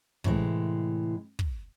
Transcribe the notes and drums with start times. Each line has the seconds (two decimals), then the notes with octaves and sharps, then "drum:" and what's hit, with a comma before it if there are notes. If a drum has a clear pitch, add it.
0.24 A2 C3 E3 G#3, drum: kick
1.39 drum: kick